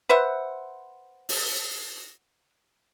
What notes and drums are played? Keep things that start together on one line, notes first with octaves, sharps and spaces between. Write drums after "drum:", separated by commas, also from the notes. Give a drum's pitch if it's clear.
B4 C5 E5 F#5
drum: open hi-hat